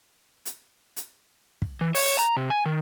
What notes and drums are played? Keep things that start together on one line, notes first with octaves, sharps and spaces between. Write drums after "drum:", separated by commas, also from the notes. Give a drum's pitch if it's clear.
drum: hi-hat
drum: hi-hat
drum: kick
E3
C#5, drum: open hi-hat
A#5
C3
G#5
D#3